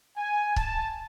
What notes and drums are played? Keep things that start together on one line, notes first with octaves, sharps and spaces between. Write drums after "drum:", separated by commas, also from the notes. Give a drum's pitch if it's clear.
G#5
A5, drum: kick C#1